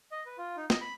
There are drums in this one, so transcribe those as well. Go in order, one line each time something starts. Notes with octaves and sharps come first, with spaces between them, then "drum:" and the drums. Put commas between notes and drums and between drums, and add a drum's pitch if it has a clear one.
D#5
B4
F4
D#4
D#5, drum: snare
B5